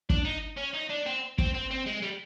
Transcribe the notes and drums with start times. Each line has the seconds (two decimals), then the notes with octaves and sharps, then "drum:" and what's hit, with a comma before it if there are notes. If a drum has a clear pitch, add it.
0.10 D4, drum: kick
0.25 D#4
0.57 C#4
0.74 D#4
0.90 D4
1.06 C4
1.38 C4, drum: kick
1.54 C4
1.71 C4
1.87 G#3
2.03 G3